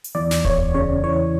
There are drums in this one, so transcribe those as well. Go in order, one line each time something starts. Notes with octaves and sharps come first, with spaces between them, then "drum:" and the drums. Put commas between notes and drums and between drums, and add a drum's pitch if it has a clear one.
drum: hi-hat
E2 D5
drum: snare
E2 C#5, drum: kick D1
C#3 C#5
E3 C#5